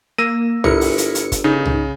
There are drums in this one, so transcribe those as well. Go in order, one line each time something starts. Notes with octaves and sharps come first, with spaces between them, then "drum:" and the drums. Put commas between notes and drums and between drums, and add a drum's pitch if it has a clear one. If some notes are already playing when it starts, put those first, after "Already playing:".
A#3 E6 A#6 D#7
G1 E4 A#4 C#7, drum: tom C2
drum: open hi-hat
drum: hi-hat
drum: hi-hat
drum: kick, hi-hat
C#3 D#4
drum: tom C2